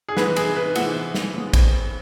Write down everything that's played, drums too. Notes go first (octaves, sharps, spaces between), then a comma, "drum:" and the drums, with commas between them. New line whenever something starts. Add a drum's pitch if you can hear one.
G#4
E3 G#3 B3 B4, drum: snare
G#4, drum: cymbal
B4
E3 G#3 B3 F#5, drum: cymbal
drum: snare
C#3 G#3 B3
drum: kick, cymbal